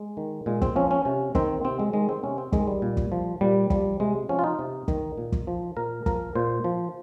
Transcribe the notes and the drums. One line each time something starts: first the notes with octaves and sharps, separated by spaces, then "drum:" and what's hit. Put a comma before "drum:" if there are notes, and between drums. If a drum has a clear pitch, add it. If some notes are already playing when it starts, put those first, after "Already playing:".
Already playing: G#3
D#3
A#2 G#3
C4, drum: kick
F3 C#4
C#4
C3 C#4
D#3 C4, drum: kick
C3 C4
G#3
D#3 G#3
C4
C3 C#4
C4
D#3 G#3, drum: kick
G3
A#2
drum: kick
F3
A#2 G3
F3 G3, drum: kick
C3 G#3
F3 C#4
F4
D#4
C3
D#3, drum: kick
A#2
drum: kick
F3
A#2 A#4
F3 A#4, drum: kick
A#2 C5
F3